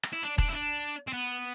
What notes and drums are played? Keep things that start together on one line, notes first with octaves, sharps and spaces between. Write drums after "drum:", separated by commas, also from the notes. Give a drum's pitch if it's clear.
drum: rim click
E4
D4
D4, drum: kick E1
E4
D4
C4
B3